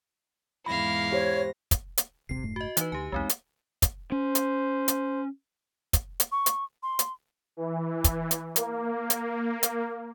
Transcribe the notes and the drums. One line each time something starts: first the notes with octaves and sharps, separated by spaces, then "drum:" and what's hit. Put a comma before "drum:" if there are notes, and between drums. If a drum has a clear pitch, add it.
E2 G#2 E4 F5 B5 A#6
G4 C5 C#5
drum: kick, hi-hat
drum: hi-hat
D#1 G#1 C3 C7
F1 G#2 A3
F#4 D#5
E3 D#4 B4, drum: hi-hat
D2 G4 G#5
B1 E2 G#3 C4 D#4
drum: hi-hat
drum: kick, hi-hat
C#4 C5
drum: hi-hat
drum: hi-hat
drum: kick, hi-hat
drum: hi-hat
C#6
drum: hi-hat
C6
drum: hi-hat
E3
drum: kick, hi-hat
drum: hi-hat
A#3, drum: hi-hat
drum: hi-hat
drum: hi-hat